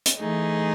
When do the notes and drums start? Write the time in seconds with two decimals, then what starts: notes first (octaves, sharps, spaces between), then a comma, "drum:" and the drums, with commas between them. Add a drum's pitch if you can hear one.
0.06 drum: hi-hat
0.19 E3 A3 D#4 G#4